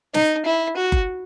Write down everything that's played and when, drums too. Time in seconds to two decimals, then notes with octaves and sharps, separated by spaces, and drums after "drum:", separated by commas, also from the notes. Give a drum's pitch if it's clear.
0.14 D#4, drum: snare
0.45 E4
0.77 F#4
0.92 drum: kick F#1